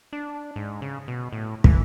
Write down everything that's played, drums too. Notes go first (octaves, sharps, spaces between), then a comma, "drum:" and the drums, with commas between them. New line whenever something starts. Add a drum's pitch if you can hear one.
D4
G#2
C#3
B2
A2
E3, drum: kick